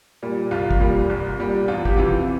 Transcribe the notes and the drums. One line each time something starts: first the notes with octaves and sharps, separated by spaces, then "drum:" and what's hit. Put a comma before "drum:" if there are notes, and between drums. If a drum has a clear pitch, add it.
A#2 G3
C2 F4
drum: kick
A#2 G3
C2
A#2 G3
E2 F4
G4, drum: kick
C3 E3 F4